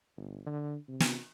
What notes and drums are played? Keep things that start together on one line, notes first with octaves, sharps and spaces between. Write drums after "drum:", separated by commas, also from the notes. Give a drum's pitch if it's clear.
G1
D3
C3
drum: snare